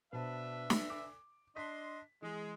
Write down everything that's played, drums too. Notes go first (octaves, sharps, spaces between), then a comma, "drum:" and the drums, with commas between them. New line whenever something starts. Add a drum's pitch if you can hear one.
B2 D4 B4 C5 E5 A5
drum: snare
D6
D4 D#5 C6 B6
E3 G#3 G#4